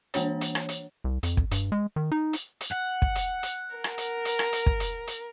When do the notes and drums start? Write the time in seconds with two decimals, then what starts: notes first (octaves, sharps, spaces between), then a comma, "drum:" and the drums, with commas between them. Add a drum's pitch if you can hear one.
0.14 E3 A#3 D4 C#5, drum: hi-hat
0.41 drum: hi-hat
0.55 drum: rim click
0.69 drum: hi-hat
1.04 C2
1.23 F2, drum: hi-hat
1.37 drum: kick
1.52 G2, drum: hi-hat
1.72 G#3
1.96 D#3
2.12 D#4
2.33 drum: hi-hat
2.61 drum: hi-hat
2.71 F#5
3.02 drum: kick
3.16 drum: hi-hat
3.43 drum: hi-hat
3.75 A#4
3.84 drum: rim click
3.98 drum: hi-hat
4.25 drum: hi-hat
4.39 drum: rim click
4.53 drum: hi-hat
4.66 drum: kick
4.80 drum: hi-hat
5.08 drum: hi-hat